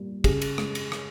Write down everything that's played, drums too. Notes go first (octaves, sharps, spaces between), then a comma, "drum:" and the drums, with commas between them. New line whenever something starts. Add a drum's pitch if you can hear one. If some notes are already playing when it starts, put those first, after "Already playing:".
Already playing: A#2 G3
C#3 G#4, drum: kick, cymbal
drum: cymbal
G#3, drum: rim click
drum: cymbal
drum: rim click